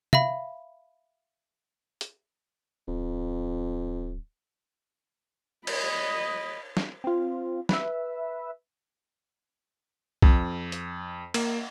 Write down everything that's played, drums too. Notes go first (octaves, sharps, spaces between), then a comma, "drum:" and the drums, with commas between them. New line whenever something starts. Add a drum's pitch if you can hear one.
E5 F5 B5, drum: tom
drum: hi-hat
D1 F2
D#5 B5, drum: cymbal
drum: snare
C4 F4
B4 E5, drum: snare
F2, drum: kick B1
drum: hi-hat
A#3, drum: cymbal